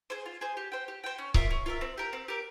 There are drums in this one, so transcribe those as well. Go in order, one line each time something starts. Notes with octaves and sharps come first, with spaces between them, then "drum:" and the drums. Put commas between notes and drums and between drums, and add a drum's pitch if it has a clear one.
G#4 C5
F4
G#4 C5
G4
C5 G5
G4
C5 G5
C#4
F4 A#4 E5, drum: kick C#1
C#4
F4 A#4 E5
C4
G4 A#4
C4
G4 A#4